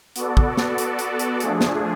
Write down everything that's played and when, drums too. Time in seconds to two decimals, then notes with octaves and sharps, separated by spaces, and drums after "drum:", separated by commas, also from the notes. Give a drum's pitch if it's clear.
0.16 B3 F#4 A4 D5, drum: hi-hat
0.37 drum: kick
0.57 drum: snare
0.78 drum: hi-hat
0.99 drum: hi-hat
1.19 drum: hi-hat
1.40 F3 A3 D4 G#4, drum: hi-hat
1.61 drum: snare